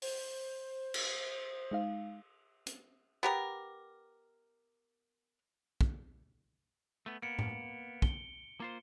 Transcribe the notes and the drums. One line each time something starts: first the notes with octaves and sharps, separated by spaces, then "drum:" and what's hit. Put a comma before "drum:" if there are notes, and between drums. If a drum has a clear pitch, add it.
C5, drum: open hi-hat
drum: cymbal
G#3 D#4 F5
drum: hi-hat
B3 G4 A#4
drum: kick
A3 B3
A#3 B3 C#7 D7
drum: tom A2
G7, drum: kick
A#3 F4 C5